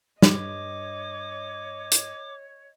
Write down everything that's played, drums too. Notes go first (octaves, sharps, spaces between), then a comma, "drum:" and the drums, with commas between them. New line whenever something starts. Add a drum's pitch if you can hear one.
G2 C#5 D#5 D6, drum: snare
drum: hi-hat